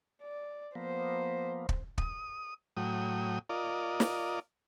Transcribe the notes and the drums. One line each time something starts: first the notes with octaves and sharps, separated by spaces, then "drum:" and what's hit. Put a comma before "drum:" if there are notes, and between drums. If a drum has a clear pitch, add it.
D5
F3 A#3 B3 C5
drum: kick
D#6, drum: kick
A2 F#3 G5 D#6
F4 A#4 D5 D#5
drum: snare